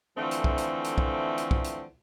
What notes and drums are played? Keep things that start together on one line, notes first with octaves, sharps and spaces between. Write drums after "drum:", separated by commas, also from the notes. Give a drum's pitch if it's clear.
D3 E3 F3 A3 C4
drum: hi-hat
drum: kick B1
drum: hi-hat
drum: hi-hat
drum: kick B1
drum: hi-hat
drum: kick B1
drum: hi-hat